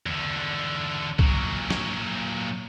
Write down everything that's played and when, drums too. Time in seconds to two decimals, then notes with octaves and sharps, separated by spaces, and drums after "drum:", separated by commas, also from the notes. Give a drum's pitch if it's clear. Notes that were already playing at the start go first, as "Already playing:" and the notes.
0.06 E2 D3
1.19 A#2 F#3, drum: kick C2
1.70 drum: snare